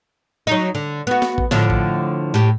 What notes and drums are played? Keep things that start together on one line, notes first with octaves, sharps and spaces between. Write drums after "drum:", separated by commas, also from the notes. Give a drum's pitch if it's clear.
F#3 D#4
D3
B3 F#4
drum: snare B3
drum: kick A1
A2 D3 F3, drum: snare B3
drum: kick A1
A2 G4